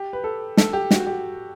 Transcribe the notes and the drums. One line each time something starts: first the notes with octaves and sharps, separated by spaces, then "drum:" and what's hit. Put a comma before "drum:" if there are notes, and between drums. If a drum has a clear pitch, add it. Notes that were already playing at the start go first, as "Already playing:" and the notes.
Already playing: G4
B4
A4
A4, drum: snare
G4
F#4, drum: snare
G4